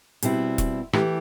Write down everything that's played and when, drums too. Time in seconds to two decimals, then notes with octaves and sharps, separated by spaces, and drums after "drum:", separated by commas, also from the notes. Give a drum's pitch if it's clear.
0.22 B2 G3 C4 E4, drum: hi-hat
0.58 drum: kick E1, hi-hat
0.93 E3 A3 E4 G4, drum: rim click